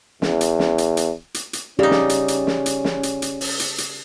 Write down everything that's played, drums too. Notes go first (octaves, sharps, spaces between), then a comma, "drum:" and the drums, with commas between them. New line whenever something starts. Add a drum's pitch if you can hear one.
E2, drum: snare
drum: hi-hat
drum: snare
drum: hi-hat
drum: hi-hat
drum: hi-hat
drum: hi-hat
C#3 C#4 D#4 G4 D5
drum: snare
drum: hi-hat
drum: hi-hat
drum: snare
drum: hi-hat
drum: snare
drum: hi-hat
drum: hi-hat
drum: open hi-hat
drum: hi-hat
drum: hi-hat